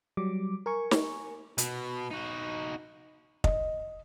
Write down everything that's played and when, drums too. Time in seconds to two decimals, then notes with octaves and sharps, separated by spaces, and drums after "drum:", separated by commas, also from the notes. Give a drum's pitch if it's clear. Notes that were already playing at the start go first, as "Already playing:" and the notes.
0.17 F#3 G3 D6
0.66 A#4 G#5 C#6
0.91 drum: snare
1.58 B2, drum: hi-hat
2.11 D#4 F#4
3.44 D#5, drum: kick